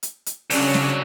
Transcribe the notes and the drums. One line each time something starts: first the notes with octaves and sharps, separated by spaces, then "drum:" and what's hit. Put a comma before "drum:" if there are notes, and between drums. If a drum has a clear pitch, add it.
drum: hi-hat
drum: hi-hat
C2 C#3 F#3 C#4 D4, drum: open hi-hat
drum: snare